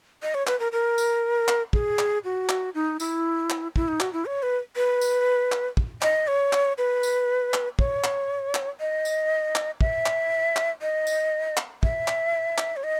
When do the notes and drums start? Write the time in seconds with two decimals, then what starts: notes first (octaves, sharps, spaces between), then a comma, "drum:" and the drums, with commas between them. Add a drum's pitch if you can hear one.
0.22 D#5
0.34 C#5
0.47 B4, drum: clap
0.60 A#4
0.72 A#4
0.98 drum: tambourine
1.48 drum: clap
1.73 G#4, drum: kick
1.99 drum: clap
2.24 F#4
2.49 drum: clap
2.75 D#4
3.00 E4, drum: tambourine
3.50 drum: clap
3.76 E4, drum: kick
3.88 D#4
4.00 F#4, drum: clap
4.13 E4
4.26 C#5
4.43 B4
4.76 B4
5.01 drum: tambourine
5.52 drum: clap
5.77 drum: kick
6.02 D#5, drum: clap
6.27 C#5
6.53 drum: clap
6.78 B4
7.03 drum: tambourine
7.54 drum: clap
7.79 C#5, drum: kick
8.04 drum: clap
8.55 drum: clap
8.80 D#5
9.05 drum: tambourine
9.55 drum: clap
9.81 E5, drum: kick
10.06 drum: clap
10.56 drum: clap
10.82 D#5
11.07 drum: tambourine
11.57 drum: clap
11.83 E5, drum: kick
12.08 drum: clap
12.58 drum: clap
12.76 C#5
12.84 D#5